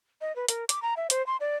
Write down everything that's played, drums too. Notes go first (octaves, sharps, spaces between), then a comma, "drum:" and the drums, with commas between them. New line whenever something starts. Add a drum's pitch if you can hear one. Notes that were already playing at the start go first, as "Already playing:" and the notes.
D#5
B4
A#4, drum: hi-hat
D6, drum: hi-hat
A#5
E5
C5, drum: hi-hat
C6
D5